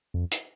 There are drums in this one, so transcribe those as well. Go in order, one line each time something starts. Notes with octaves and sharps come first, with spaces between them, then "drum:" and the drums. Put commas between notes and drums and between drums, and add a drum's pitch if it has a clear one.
F2
drum: hi-hat